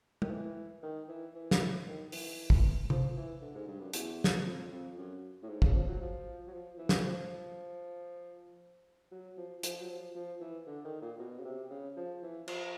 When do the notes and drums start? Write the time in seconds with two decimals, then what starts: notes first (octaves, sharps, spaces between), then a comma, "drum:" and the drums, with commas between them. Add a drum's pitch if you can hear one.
0.22 D#3, drum: tom
0.31 E3
0.83 D#3
1.08 E3
1.35 E3
1.51 drum: snare
1.87 D#3
2.12 E3, drum: open hi-hat
2.50 drum: kick
2.90 F3, drum: tom C3
3.17 E3
3.42 D3
3.55 G#2
3.67 G2
3.81 F#2
3.94 E2, drum: hi-hat
4.24 drum: snare
4.45 F2
4.71 F2
4.97 F#2
5.43 A2
5.49 G#2
5.62 C#3, drum: kick
5.74 F3
5.88 F#3
6.01 F3
6.47 F#3
6.53 F3
6.78 E3
6.89 drum: snare
7.04 F3
9.12 F#3
9.37 F3
9.63 F3, drum: hi-hat
9.81 F#3
9.90 F3
10.15 F3
10.40 E3
10.67 D3
10.85 D#3
11.02 A#2
11.19 B2
11.39 C#3
11.45 C3
11.70 C#3
11.96 F3
12.23 E3
12.48 F3, drum: cymbal